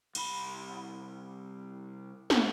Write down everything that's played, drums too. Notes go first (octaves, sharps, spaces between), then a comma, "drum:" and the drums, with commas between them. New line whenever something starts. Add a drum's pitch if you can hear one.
C2 B5, drum: cymbal
drum: snare